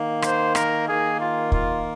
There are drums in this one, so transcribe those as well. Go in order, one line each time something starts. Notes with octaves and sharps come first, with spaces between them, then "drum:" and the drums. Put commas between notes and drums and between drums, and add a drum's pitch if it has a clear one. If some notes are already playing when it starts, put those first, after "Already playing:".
Already playing: D#3 A#3
C5, drum: rim click
A#4, drum: rim click
D#3 A#3 G#4
F4
F4, drum: kick